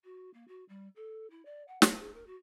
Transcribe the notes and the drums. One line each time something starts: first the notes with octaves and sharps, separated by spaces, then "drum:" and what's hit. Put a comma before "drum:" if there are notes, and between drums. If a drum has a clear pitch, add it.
F#4
A#3
F#4
G3
A4
E4
D5
F#5
A#3, drum: snare
G#4
A#4
F#4